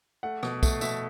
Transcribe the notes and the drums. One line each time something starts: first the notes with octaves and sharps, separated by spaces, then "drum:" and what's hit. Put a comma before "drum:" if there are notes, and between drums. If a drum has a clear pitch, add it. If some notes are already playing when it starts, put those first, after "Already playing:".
A3 F#5
B2, drum: rim click
A3, drum: kick, tambourine
B2 E5, drum: tambourine